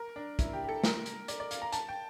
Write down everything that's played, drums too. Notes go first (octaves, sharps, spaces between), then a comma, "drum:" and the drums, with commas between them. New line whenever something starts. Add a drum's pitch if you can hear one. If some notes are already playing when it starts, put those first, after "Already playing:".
Already playing: A#4
D4
E4, drum: kick, hi-hat
G4
G4
A4
A#4, drum: snare
drum: hi-hat
D5, drum: hi-hat
D5
F5, drum: hi-hat
A#5
A5, drum: hi-hat
G5